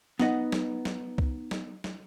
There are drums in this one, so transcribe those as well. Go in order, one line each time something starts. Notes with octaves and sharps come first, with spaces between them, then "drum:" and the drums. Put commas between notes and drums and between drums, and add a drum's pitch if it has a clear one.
B3 D#4 B4 D#5 F#5, drum: snare
drum: snare
drum: snare
drum: kick C2
drum: snare
drum: snare